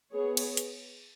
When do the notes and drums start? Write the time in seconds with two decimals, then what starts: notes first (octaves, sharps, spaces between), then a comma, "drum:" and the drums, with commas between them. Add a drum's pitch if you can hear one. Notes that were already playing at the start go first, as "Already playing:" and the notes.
0.11 B3 G#4 C#5
0.37 drum: cymbal
0.57 drum: hi-hat